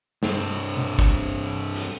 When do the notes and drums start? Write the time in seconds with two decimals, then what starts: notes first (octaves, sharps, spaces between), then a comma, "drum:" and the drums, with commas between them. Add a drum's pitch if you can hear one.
0.23 G2 C4, drum: snare
0.77 drum: tom B2
0.99 drum: kick
1.76 drum: cymbal